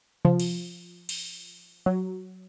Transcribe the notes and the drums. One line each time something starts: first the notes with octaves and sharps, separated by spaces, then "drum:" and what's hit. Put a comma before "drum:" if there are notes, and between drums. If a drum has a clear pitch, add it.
F3, drum: tom C3
drum: cymbal
drum: cymbal
F#3